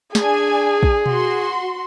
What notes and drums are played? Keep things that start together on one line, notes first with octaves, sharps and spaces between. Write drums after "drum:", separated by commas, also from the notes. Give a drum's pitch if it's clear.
D4 G#4 G#5, drum: snare
drum: kick
F#4 C6, drum: tom B2